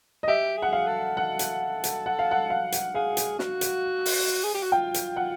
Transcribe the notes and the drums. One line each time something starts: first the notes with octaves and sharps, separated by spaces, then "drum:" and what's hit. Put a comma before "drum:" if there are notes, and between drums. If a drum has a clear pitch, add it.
D#5
G4 E5
G#4
F#5
F5
A4
F#5
drum: hi-hat
drum: hi-hat
F#5
F5
F#5
F5
drum: hi-hat
G#4 F5
drum: hi-hat
F#4, drum: snare
drum: hi-hat
drum: open hi-hat
G#4
G4
F#4
F4 G5
drum: hi-hat
F#5